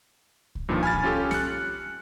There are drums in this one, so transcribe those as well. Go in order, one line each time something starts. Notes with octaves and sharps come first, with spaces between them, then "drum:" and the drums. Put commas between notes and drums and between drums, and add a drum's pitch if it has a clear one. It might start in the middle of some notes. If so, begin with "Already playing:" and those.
drum: kick C2
G2 A#2 D#3 F3
G#5 B5 F6 A6
drum: kick C2
C#4 F4 G4 A4
F#6 C#7, drum: snare